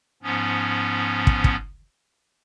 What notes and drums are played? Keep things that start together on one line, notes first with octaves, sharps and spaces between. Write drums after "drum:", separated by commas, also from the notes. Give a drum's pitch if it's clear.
G#2 F3 B3 C#4
drum: kick
drum: kick